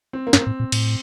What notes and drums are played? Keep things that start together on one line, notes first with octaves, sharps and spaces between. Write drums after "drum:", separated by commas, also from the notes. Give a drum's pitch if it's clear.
C4
A#3
G2, drum: snare
C4
A2
A#2
A2, drum: cymbal